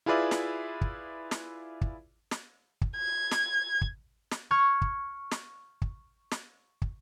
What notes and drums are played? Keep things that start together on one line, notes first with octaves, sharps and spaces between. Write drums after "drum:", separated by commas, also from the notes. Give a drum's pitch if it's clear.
E4 F4 G#4 B4 D5 E5
drum: snare
drum: kick
drum: snare
drum: kick
drum: snare
drum: kick
G#6
drum: snare
drum: kick
drum: snare
C#6 F6 G#6
drum: kick
drum: snare
drum: kick
drum: snare
drum: kick